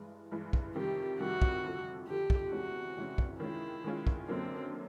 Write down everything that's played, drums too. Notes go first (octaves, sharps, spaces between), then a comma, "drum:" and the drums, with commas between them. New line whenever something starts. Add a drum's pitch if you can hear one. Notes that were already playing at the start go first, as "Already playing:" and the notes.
Already playing: G2 E3 G#3
G2 E3 G#3
drum: kick
F2 C3 D#3 G3 G4
F2 C3 D#3 G3 F#4
drum: kick
F2 D3 F3
F2 D3 F3 G4
drum: kick
E2 C3 E3 G#3 C#4 F#4
E2 C3 E3 G#3 C#4
drum: kick
D#3 G#3 C#4 E4 F4
D#3 G#3 C#4 F4
drum: kick
F#2 D3 F#3 A#3 C4 D4